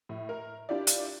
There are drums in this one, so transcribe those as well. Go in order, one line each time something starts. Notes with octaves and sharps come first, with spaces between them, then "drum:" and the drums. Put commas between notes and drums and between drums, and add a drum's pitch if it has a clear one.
A2
A#4
D4 E4 F4 G4 D5
drum: hi-hat